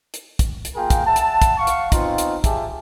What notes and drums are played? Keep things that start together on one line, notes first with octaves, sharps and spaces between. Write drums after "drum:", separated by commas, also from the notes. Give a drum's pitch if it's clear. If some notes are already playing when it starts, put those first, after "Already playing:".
drum: hi-hat
drum: kick, hi-hat
drum: hi-hat
A#3 F4 G#4 A#4 G5
drum: kick, hi-hat
E5 F#5 A5
drum: hi-hat
drum: kick, hi-hat
F5 F#5 A5 C#6
drum: hi-hat
B3 C4 D#4 F4, drum: kick, hi-hat
drum: hi-hat
F4 G4 G#4 E5 A5, drum: kick, hi-hat